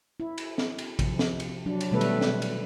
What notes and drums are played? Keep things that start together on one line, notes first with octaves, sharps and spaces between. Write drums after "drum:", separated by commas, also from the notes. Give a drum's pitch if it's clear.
E4
drum: cymbal
drum: snare
drum: cymbal
C3 F3, drum: kick, cymbal
drum: snare
drum: cymbal
F#3 D4
drum: cymbal
B2 D#3 G3 A3 A4 B4
drum: cymbal
drum: snare
drum: cymbal